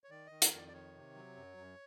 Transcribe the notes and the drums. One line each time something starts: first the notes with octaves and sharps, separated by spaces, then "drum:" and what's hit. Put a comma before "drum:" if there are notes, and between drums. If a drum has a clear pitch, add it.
C#5
D#3 D5
D#3 D#5
A#4, drum: hi-hat
F2 D5
D5
D#3 C#5
C3
F#3
F#2
F#2